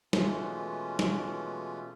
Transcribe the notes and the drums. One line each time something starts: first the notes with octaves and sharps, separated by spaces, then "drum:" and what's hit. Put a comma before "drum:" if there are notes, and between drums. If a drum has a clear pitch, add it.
B2 E3 G#3 A3 C#4 F4, drum: snare
drum: snare